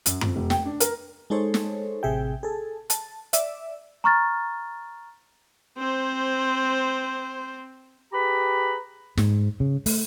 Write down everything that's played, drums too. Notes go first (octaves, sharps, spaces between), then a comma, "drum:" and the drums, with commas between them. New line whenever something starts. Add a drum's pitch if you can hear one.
F#2, drum: hi-hat
F2, drum: tom F#2
F1
G5, drum: snare
D4
A#4, drum: hi-hat
G#3 D#4 A4 C5 C#5
drum: snare
A1 C3 G#4 E5 G5
G#4 A4
A5, drum: hi-hat
D5 E5, drum: hi-hat
A#5 C#6 F6 A6
C4 C5
G4 G#4 B4 A#5 B5
G#2, drum: snare
C#3
A3, drum: open hi-hat